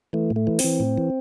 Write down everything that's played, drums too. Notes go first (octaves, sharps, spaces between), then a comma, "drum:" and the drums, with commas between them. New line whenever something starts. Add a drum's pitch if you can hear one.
E3 A3
A2
A3
E3
C4, drum: open hi-hat
E3
A2
E3